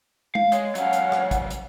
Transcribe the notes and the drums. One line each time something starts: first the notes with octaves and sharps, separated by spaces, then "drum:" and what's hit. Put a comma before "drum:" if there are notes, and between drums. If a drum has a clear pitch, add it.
F5, drum: tom G#3
G#3 C#5, drum: hi-hat
F#3 G#3 C#4 F5 F#5, drum: hi-hat
drum: hi-hat
drum: rim click
drum: kick, hi-hat
drum: hi-hat